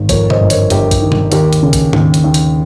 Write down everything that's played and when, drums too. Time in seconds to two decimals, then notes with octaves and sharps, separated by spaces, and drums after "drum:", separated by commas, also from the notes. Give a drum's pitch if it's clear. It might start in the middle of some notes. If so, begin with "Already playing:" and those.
Already playing: G#1
0.09 F2 A#4 C#5, drum: kick, hi-hat
0.30 C5 D#5, drum: tom B2
0.40 G1
0.50 A#4 C#5, drum: hi-hat
0.70 G1 G4 A#4, drum: hi-hat
0.91 drum: kick, hi-hat
1.02 D#3
1.12 drum: tom B2
1.32 D#2 G4 A#4, drum: hi-hat
1.53 drum: hi-hat
1.63 C#3
1.73 drum: kick, hi-hat
1.93 D#2, drum: tom G#2
2.14 drum: hi-hat
2.24 D#2
2.34 drum: hi-hat